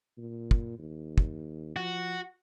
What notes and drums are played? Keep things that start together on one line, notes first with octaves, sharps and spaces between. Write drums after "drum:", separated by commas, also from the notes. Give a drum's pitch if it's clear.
A#2
drum: kick
D#2
drum: kick
F3 F#4